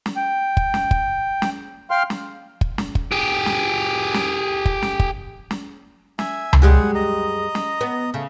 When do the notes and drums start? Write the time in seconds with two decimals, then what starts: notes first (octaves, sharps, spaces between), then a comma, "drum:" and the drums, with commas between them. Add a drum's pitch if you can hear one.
0.06 drum: snare
0.17 G5
0.57 drum: kick
0.74 drum: snare
0.91 drum: kick
1.42 drum: snare
1.91 F5 G5 C6 F6
2.10 drum: snare
2.61 drum: kick
2.78 drum: snare
2.95 drum: kick
3.12 G4 G#4
3.46 drum: snare
4.14 drum: snare
4.65 drum: kick
4.82 drum: snare
5.00 drum: kick
5.51 drum: snare
6.19 E5 G#5, drum: snare
6.53 drum: tom C#2
6.62 F#2 G3 G#3 F#5 G#5
6.95 D#5 A#5
7.55 drum: snare
7.81 B3
8.14 C#3 A3